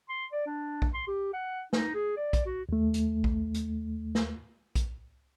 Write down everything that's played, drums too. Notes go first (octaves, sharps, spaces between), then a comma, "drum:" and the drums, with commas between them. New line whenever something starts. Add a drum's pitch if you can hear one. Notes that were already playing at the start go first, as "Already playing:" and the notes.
C6
D5
D4
drum: kick A#1
C6
G4
F#5
D#4, drum: snare
G#4
D5
drum: kick A#1, hi-hat
F#4
D#2 A3
drum: hi-hat
drum: kick A#1
drum: hi-hat
drum: snare
drum: kick A#1, hi-hat